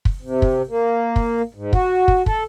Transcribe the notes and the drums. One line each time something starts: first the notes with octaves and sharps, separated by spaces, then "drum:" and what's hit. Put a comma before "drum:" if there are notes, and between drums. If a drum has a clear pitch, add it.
drum: kick
C3
drum: kick
A#3
drum: kick
G#2
F#4, drum: kick
drum: kick
A4, drum: kick